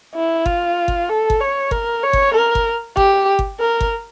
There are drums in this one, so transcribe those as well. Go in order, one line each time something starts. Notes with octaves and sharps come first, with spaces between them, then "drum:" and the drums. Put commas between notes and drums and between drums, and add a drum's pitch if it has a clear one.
E4
F4, drum: kick G1
drum: kick G1
A4
drum: kick G1
C#5
A#4, drum: kick G1
C#5
drum: kick G1
A#4
drum: kick G1
G4, drum: kick G1
drum: kick G1
A#4
drum: kick G1